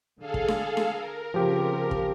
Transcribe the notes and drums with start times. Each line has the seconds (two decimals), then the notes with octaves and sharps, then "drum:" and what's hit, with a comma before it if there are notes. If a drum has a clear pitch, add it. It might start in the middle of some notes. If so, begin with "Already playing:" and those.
0.19 D3 G#4 A4 F5
0.34 drum: kick
0.48 drum: snare D4
0.77 drum: snare D4
0.90 A#4
1.34 C#3 F3 B3 C4 G4
1.91 drum: kick